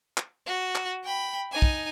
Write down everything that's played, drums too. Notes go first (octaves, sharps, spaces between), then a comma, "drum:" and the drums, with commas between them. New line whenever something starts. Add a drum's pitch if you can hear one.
drum: clap
F#4
drum: clap
G5 B5
D#4 G#5
drum: kick